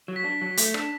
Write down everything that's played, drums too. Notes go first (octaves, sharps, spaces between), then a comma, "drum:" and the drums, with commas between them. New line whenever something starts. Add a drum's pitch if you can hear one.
F#3
B6
D4
F#3
A3, drum: hi-hat
D4, drum: rim click